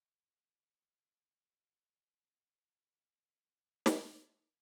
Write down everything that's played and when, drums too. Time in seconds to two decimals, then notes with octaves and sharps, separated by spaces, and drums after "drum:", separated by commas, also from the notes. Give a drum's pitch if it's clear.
0.19 D4 F4 C5 C#5 C6 E6 G#6
1.50 G#2 D3 D#5 E5
3.28 C2 F2 F#3 D#5
3.86 drum: snare